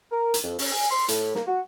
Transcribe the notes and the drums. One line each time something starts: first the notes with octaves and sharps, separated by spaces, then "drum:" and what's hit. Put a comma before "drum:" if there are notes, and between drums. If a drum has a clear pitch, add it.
A#4
drum: hi-hat
F2
C#4, drum: open hi-hat
G#5
C6
A2, drum: hi-hat
A#3, drum: snare
F#4